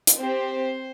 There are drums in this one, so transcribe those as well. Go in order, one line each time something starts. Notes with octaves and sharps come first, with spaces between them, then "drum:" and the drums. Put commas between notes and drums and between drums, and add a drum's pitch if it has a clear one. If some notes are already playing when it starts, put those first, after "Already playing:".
drum: hi-hat
C4 G4 C5